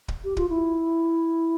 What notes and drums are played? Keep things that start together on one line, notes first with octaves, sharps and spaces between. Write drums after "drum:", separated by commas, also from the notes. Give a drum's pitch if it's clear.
drum: kick
G4
F4, drum: kick
E4